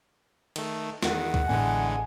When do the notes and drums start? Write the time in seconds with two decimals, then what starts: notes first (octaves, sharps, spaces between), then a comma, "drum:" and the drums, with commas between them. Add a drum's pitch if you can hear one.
0.56 D#3 A3, drum: cymbal
1.03 E2 D#3 F#5, drum: snare
1.34 drum: kick
1.49 A1 A2 D3 E3 G#3 B3 G#5